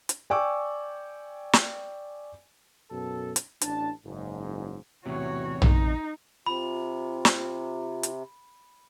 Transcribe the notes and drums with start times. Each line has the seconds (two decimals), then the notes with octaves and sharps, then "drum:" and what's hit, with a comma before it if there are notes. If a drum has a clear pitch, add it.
0.09 drum: hi-hat
0.30 D5 G5 G#5 C#6 D6 E6
1.53 drum: snare
2.91 F#2 B2 A4
3.36 drum: hi-hat
3.61 A1 D4 A5, drum: hi-hat
4.05 F#1 G#2
5.06 E2 A2 C3 F#4 C#5
5.62 D#4, drum: tom A#1
6.46 C3 F4 B5
7.25 drum: snare
8.03 drum: hi-hat